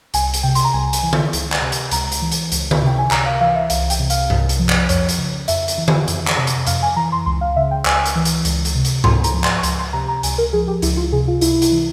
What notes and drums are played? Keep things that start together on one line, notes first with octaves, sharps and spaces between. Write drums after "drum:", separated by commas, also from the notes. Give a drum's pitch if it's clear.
C2 G#5, drum: hi-hat
drum: hi-hat
C3 G5
C6, drum: hi-hat
A#5
C2 G#5
drum: hi-hat
E3
drum: tom D3
C#2, drum: hi-hat
drum: clap
C3
drum: hi-hat
C#2 A#5, drum: hi-hat
drum: hi-hat
E3
drum: hi-hat
C#2, drum: hi-hat
drum: tom D3
C3
G5
G#5
C#2 A#5, drum: clap
F5
E3 F5
E5
C2 F5, drum: hi-hat
G5, drum: hi-hat
C3
F5, drum: hi-hat
C2, drum: tom G2
drum: hi-hat
F3
drum: clap
F2 C#5, drum: hi-hat
drum: hi-hat
C#3
F2 E5, drum: hi-hat
drum: hi-hat
E3
drum: tom D3
F2, drum: hi-hat
drum: clap
C3
drum: hi-hat
F2 F5, drum: hi-hat
G#5
E3 A#5
C6
C#2 C6
F5
C#3 E5
G5
C#2 G#5, drum: clap
drum: hi-hat
E3
drum: hi-hat
C#2, drum: hi-hat
drum: hi-hat
C3
drum: hi-hat
C#2 C6, drum: tom G#2
A#5, drum: hi-hat
F3
C6, drum: clap
C#6
C#2 C6, drum: hi-hat
C6
C3 A#5
A#5
C#2 G#5, drum: hi-hat
A#4
F3 G#4
G4
C#2 E4, drum: hi-hat
F4
C3 G#4
F4
C#2 E4, drum: hi-hat
drum: hi-hat
E3